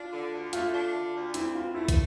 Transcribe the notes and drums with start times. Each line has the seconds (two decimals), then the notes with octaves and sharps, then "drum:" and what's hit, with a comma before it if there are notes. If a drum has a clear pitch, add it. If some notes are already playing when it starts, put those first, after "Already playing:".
Already playing: D4 F4
0.13 D3
0.33 D2
0.53 A3 F4, drum: hi-hat
0.74 D4
0.94 D3
1.14 D2
1.34 C4 E4, drum: hi-hat
1.55 B2 F4
1.75 A3 E4
1.88 drum: kick, hi-hat